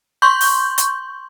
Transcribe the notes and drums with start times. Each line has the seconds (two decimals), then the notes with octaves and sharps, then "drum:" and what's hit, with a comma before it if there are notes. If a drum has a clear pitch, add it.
0.22 C6 C#6 G6
0.41 drum: open hi-hat
0.78 drum: hi-hat